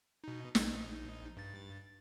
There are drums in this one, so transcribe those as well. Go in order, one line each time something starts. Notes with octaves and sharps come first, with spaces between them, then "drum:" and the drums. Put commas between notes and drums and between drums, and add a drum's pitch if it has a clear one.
B2 D#4
A#1 D#4, drum: snare
G2 A6